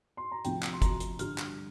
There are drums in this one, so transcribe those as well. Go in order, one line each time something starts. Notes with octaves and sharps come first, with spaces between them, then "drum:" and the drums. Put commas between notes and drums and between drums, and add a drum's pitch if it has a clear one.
C6
A#5
D2 C3 F3 G5, drum: hi-hat
drum: clap
C6
A#5, drum: kick, hi-hat
drum: hi-hat
G2 D3 G3 D4 F4 F6, drum: hi-hat
drum: clap